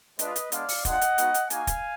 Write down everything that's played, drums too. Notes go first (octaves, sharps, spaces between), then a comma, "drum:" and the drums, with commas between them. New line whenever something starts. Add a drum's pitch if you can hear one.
G#3 D4 F4 B4 D#5, drum: hi-hat
drum: hi-hat
G#3 B3 D4 D5 F5, drum: hi-hat
drum: open hi-hat
G#3 D4 F4 D#5 F#5, drum: kick, hi-hat
drum: hi-hat
G#3 B3 D#4 F#4, drum: hi-hat
drum: hi-hat
A#3 D#4 F#4 F5 G#5, drum: hi-hat
drum: kick, hi-hat